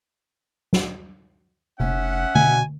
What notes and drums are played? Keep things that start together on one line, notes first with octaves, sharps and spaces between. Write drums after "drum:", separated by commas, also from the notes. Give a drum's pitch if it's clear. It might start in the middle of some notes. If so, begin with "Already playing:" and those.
drum: snare
F1 C#4 E5 F#5, drum: tom C3
B2 G#5, drum: tom D3